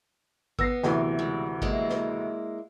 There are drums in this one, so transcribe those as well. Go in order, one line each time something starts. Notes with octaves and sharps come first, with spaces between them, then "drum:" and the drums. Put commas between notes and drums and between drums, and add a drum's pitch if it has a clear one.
B3 E6 A#6 C7, drum: kick G#1
D2 C3 E3, drum: snare
C#3 G#3
G#3 A#3 E4, drum: kick G#1
drum: snare